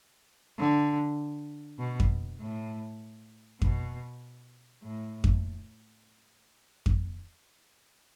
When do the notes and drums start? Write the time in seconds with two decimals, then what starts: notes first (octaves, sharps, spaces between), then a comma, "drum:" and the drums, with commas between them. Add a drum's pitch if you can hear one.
0.58 D3
1.80 B2
2.00 drum: kick F2
2.40 A2
3.62 B2, drum: kick F2
4.83 A2
5.24 drum: kick F2
6.86 drum: kick F2